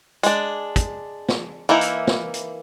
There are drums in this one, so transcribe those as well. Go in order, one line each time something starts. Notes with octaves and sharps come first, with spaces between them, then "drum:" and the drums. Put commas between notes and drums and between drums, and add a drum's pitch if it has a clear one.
G#3 D4, drum: hi-hat
drum: kick, hi-hat
drum: snare
E3 A#3 D#4 E4
drum: hi-hat
drum: snare
drum: hi-hat